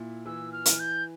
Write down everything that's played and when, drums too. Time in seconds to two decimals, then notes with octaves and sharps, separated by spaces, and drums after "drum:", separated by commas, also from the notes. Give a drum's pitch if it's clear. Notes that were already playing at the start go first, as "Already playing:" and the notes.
Already playing: A#2 E4
0.26 E3 E6
0.52 F6
0.66 E3, drum: hi-hat
0.79 G6